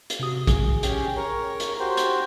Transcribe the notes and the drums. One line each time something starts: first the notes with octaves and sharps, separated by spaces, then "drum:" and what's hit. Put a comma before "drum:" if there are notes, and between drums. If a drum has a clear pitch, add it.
drum: hi-hat
C3 F#4 D#6
G#4, drum: kick A#1, hi-hat
C#4 G4, drum: hi-hat
A#4 C#5
drum: hi-hat
F#4 G4 C5
drum: hi-hat